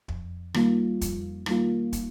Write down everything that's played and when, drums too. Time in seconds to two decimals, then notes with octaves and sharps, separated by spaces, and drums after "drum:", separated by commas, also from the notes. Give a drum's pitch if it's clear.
0.08 F2, drum: kick
0.54 D#3 G3 A#3 F4, drum: rim click
1.01 F2, drum: kick, hi-hat
1.46 D#3 G3 A#3 F4, drum: rim click
1.93 drum: kick, hi-hat